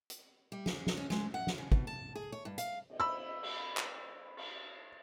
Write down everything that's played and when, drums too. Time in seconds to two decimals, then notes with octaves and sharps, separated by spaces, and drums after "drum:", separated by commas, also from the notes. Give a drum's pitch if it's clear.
0.10 drum: hi-hat
0.52 G3
0.66 G#4, drum: snare
0.87 drum: snare
0.97 C#4
1.10 G#3, drum: snare
1.34 F#5
1.47 drum: snare
1.58 C#3
1.72 B2, drum: kick
1.87 A5
2.15 G#4
2.32 C#5
2.45 G2
2.58 F5, drum: hi-hat
2.90 drum: cymbal
3.00 B5 E6
3.43 drum: cymbal
3.77 drum: clap
4.37 drum: cymbal